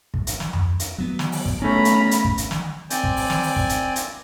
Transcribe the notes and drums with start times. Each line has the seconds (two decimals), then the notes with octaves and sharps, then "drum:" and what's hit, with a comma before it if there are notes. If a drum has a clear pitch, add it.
0.14 drum: kick
0.27 drum: hi-hat
0.40 drum: snare
0.53 drum: tom F2
0.80 drum: hi-hat
0.98 F#3 B3
1.19 drum: snare
1.32 drum: open hi-hat
1.45 drum: kick
1.62 A3 B3 C#4 A#5 B5
1.85 drum: hi-hat
2.11 drum: hi-hat
2.24 drum: kick
2.38 drum: hi-hat
2.51 drum: snare
2.90 C4 D5 G#5 G6, drum: hi-hat
3.03 drum: kick
3.17 drum: open hi-hat
3.30 drum: snare
3.43 drum: open hi-hat
3.56 drum: kick
3.69 drum: hi-hat
3.96 drum: hi-hat